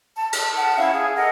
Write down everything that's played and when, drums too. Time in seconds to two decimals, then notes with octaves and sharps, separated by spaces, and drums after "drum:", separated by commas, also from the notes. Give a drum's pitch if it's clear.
0.17 A5
0.32 A4, drum: cymbal
0.57 F#5 A5
0.77 C#4 E4 E5 F5
0.92 G#4
1.17 A4 A#4 D#5 F#5